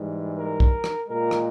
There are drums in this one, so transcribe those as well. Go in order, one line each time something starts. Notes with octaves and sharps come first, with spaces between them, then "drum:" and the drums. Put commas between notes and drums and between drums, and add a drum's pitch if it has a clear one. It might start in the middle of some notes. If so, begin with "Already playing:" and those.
Already playing: G#2 E3 G3
A#4
drum: kick
drum: rim click
A#2 G#3 A#4
drum: rim click